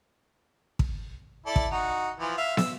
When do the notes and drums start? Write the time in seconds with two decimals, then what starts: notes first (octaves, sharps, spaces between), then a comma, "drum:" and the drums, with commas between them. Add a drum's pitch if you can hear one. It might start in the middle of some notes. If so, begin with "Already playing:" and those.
0.79 drum: kick
1.46 E4 A4 D5
1.56 drum: kick
1.72 D#4 F#4
2.20 E3 F3
2.37 E5 F5
2.57 E6, drum: snare